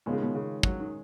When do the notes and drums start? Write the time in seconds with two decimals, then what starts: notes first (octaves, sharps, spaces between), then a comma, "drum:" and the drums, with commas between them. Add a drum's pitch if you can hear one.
0.06 B2 D#3 G#3 C#4 F4
0.13 C#3
0.22 B2
0.35 C#3
0.63 F#3, drum: kick
0.80 D#3